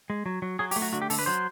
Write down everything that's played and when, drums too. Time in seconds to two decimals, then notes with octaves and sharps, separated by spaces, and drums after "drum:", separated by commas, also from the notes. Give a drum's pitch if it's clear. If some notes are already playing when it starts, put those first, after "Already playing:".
0.10 G#3
0.26 F#3
0.42 F#3
0.59 F#3 G#4
0.71 G4, drum: open hi-hat
0.76 A3
0.82 F#4
0.93 D3 F#4
1.02 G4
1.10 D3 A4, drum: open hi-hat
1.19 B4
1.26 F#3 C5